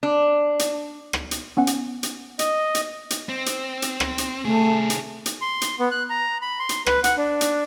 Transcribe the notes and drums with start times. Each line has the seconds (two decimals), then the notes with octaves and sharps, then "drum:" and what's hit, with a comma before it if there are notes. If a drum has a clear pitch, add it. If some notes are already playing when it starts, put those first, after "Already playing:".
0.03 D4
0.59 drum: hi-hat
1.13 drum: rim click
1.31 drum: hi-hat
1.57 B3 C#4 F#5
1.67 drum: hi-hat
2.03 drum: hi-hat
2.39 D#5, drum: hi-hat
2.75 drum: hi-hat
3.10 drum: hi-hat
3.29 C4
3.46 drum: hi-hat
3.82 drum: hi-hat
4.00 drum: rim click
4.18 drum: hi-hat
4.45 C3 A3 G#4
4.90 drum: hi-hat
5.26 drum: hi-hat
5.41 C6
5.61 drum: hi-hat
5.79 B3
5.91 F#6
6.10 A#5
6.42 B5
6.60 C6
6.69 drum: hi-hat
6.86 B4, drum: rim click
7.04 F#5, drum: hi-hat
7.17 D4
7.41 drum: hi-hat